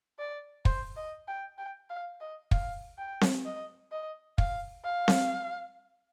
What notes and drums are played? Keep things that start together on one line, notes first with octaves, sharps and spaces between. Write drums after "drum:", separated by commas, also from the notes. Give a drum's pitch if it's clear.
D5
C5, drum: kick
D#5
G5
G5
F5
D#5
F5, drum: kick
G5
drum: snare C4
D#5
D#5
F5, drum: kick
F5
drum: snare C4